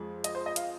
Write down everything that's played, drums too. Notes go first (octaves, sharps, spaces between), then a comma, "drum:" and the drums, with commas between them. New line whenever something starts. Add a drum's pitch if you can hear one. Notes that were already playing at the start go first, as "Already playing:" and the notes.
Already playing: F2 F3 G#3
D#5, drum: hi-hat
C5
D#5
F5, drum: hi-hat